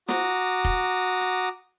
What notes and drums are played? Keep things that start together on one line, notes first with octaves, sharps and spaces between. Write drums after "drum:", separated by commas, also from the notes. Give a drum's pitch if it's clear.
F#4 A#5 D6 D#6, drum: snare
drum: kick F1, hi-hat
drum: hi-hat